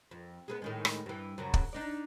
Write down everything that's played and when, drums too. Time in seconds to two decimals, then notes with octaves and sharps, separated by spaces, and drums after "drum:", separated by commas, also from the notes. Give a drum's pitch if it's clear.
0.11 F2
0.48 G#3 A#3 B3
0.62 A2 D#3 G#3
0.85 drum: rim click
1.06 G2 E3
1.38 F#2 C#3 F#3
1.54 drum: kick
1.73 D4 D#4 D5